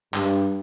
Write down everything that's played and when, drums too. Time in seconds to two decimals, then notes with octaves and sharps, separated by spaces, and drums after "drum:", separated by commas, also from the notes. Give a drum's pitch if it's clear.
0.14 G2, drum: clap